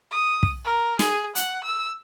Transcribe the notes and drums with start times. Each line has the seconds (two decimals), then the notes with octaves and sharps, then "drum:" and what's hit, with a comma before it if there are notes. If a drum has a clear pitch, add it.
0.11 D#6
0.43 drum: kick
0.65 A#4
0.99 G#4, drum: snare
1.35 F#5, drum: hi-hat
1.64 E6